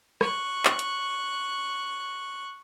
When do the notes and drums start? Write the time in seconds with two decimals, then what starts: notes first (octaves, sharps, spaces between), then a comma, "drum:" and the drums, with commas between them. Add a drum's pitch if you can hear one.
0.21 C#6 F#6, drum: rim click
0.65 drum: clap
0.79 drum: hi-hat